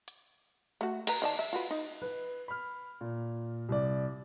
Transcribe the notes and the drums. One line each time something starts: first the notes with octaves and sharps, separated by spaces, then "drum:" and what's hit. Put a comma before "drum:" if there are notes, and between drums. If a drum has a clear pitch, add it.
drum: hi-hat
A3 F#4
A#4 B4 A#5, drum: cymbal
D#3 D5 A5
E5
F4 F#4 B4
D#4
B4
B5 F6
A#2
C2 D5